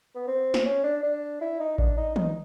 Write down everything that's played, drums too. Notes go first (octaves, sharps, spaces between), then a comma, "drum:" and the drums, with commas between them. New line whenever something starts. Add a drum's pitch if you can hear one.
B3
C4
drum: snare
C#4
D4
D4
E4
D#4
D4, drum: kick A1
D#4
D#4, drum: tom